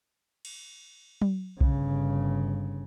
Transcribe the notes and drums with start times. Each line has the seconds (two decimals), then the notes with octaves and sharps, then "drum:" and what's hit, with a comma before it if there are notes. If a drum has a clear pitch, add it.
0.45 drum: cymbal
1.22 drum: tom F#3
1.61 G1 C#3, drum: kick B1